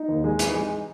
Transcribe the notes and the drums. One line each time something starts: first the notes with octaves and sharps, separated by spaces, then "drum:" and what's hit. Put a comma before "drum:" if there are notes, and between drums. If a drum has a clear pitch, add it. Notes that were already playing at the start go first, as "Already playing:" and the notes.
Already playing: D#4
D#2
G#3
E3, drum: hi-hat
G#3